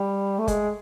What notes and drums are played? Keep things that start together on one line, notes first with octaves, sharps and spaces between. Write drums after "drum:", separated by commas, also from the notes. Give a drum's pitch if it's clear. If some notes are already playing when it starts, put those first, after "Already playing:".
Already playing: G3
A3
G#3, drum: kick F#1, hi-hat